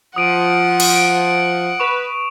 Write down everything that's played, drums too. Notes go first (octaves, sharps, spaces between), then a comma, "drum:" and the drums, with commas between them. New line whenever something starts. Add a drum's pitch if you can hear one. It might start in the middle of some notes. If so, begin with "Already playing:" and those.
F3 F#5 D#6 D7 D#7
drum: cymbal
D7
B4 C#6 E7 F7